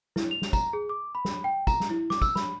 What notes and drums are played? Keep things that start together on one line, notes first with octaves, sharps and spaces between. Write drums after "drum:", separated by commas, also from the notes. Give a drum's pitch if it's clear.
E4, drum: snare
F7
drum: snare
A#5, drum: kick, tambourine
G#4
D6
B5
drum: snare
G5
A#5, drum: kick, tambourine
drum: snare
E4
D6, drum: snare
E6, drum: kick, tambourine
B5, drum: snare